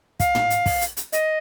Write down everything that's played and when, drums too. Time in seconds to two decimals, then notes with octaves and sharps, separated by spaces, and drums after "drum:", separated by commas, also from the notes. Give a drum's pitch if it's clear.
0.20 F5, drum: kick, hi-hat
0.35 drum: tom
0.50 drum: hi-hat
0.66 drum: kick, open hi-hat
0.81 drum: hi-hat
0.97 drum: hi-hat
1.12 D#5, drum: hi-hat